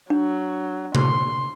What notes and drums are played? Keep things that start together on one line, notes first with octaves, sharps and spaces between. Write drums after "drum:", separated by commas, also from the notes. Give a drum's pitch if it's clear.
F#3 D4
C6, drum: tom C3